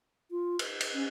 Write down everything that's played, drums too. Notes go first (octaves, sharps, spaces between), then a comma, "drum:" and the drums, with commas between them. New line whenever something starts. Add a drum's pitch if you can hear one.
F4
drum: cymbal
drum: cymbal
C#4